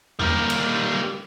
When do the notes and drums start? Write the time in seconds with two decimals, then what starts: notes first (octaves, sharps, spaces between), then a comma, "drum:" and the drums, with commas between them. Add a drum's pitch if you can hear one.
0.19 G3 A#3, drum: tom E2
0.50 drum: cymbal